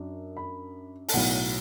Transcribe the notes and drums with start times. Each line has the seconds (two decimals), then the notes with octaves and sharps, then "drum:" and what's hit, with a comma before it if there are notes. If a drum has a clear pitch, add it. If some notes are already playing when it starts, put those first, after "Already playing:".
Already playing: F#2 F#3 D4
0.37 B5
1.09 A5, drum: open hi-hat
1.13 B1 A2 F#3 F#5